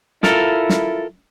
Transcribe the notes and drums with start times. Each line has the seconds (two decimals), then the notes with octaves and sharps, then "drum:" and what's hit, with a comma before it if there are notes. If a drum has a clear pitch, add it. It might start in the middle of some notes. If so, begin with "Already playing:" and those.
0.23 E4 F4 A4 A#4, drum: snare
0.69 drum: snare